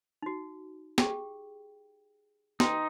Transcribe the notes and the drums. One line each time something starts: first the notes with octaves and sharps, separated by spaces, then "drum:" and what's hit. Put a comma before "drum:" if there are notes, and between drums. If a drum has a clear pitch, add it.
D#4 F#4
G4 G#4 G5, drum: snare
D#4 B4 G5 C6, drum: snare